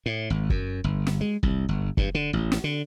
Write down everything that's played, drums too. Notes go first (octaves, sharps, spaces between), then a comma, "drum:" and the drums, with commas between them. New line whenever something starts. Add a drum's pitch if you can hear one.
A2
G#1
F#2, drum: kick
G1
drum: snare
G#3
C2, drum: kick
G1
G2, drum: kick
D3
A1
drum: snare
D3